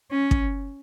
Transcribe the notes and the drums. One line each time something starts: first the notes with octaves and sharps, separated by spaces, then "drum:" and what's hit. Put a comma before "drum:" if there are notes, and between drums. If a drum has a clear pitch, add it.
C#4
drum: kick